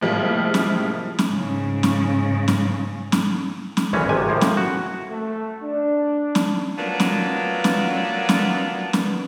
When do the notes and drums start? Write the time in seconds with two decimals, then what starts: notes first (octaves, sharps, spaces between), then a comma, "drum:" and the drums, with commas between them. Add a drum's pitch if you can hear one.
0.01 A2 C3 F3 G3 G#3 A#3
0.54 drum: snare
1.19 drum: snare
1.28 G#2 C#3
1.83 drum: snare
2.48 drum: snare
3.12 drum: snare
3.77 drum: snare
3.93 G#1 D2 E3 C#4
4.09 G#1 C3 G#5
4.29 A2 F3 A#3
4.41 drum: snare
4.57 F#4
5.11 A3
5.62 D4
6.35 drum: snare
6.78 F#3 A3 B3 D4 F4 A#4
7.00 drum: snare
7.64 drum: snare
8.29 drum: snare
8.93 drum: snare